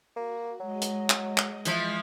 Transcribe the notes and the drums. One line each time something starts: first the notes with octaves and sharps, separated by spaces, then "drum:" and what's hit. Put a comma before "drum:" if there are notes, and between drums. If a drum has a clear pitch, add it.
A#3 F#4
F#3 G#3 D#5
drum: hi-hat
drum: clap
drum: clap
E3 F3, drum: hi-hat